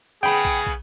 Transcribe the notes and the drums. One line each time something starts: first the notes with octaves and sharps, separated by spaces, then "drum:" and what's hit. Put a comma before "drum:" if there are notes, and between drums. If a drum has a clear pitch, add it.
C#3 B3 G#4 G5 B5
drum: kick
drum: kick